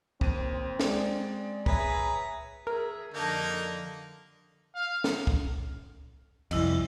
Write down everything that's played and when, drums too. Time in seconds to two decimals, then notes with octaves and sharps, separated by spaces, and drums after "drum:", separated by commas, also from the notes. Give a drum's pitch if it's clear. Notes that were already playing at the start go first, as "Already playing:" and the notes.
0.21 D#2 C4 D#7, drum: kick
0.80 G#3 D5, drum: snare
1.66 G#4 B4 C#5 E5 A#5, drum: kick
2.67 G#4 A#4 E5
3.14 F2 D3 A#3 D#4 G4 A5
4.75 F5
5.04 drum: snare
5.27 drum: kick
6.51 C2 F2 E4 D#5, drum: cymbal